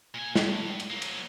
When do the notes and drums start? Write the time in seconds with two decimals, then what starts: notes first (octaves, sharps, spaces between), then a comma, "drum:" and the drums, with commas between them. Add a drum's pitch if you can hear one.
0.14 A#2 G#5
0.35 G2, drum: snare
0.80 drum: cymbal
0.90 F#3 A#3
1.02 drum: cymbal